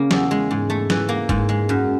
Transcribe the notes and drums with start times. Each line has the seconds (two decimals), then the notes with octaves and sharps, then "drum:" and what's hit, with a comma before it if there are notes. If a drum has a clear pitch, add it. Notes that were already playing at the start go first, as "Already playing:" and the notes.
Already playing: C#3 A#3 C#4
0.11 E2, drum: snare
0.31 G#3
0.51 G#2
0.70 A3
0.90 E3, drum: snare
1.09 A#3
1.29 G#2, drum: kick
1.49 G#3
1.69 F#2